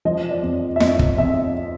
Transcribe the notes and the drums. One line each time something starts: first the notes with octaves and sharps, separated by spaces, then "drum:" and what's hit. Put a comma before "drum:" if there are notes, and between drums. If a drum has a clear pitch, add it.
F3 D#5
D5
F2
E5
F2 D#5, drum: snare
drum: kick
F2 E5